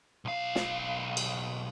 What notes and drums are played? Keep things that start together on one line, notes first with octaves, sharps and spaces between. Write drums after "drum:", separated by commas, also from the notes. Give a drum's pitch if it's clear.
B1 F5
drum: snare
drum: cymbal